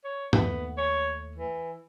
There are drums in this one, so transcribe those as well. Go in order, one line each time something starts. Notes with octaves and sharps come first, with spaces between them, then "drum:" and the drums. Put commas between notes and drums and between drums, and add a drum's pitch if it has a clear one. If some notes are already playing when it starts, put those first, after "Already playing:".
C#5
D#2 A3 B3, drum: tom G2
C#5
E3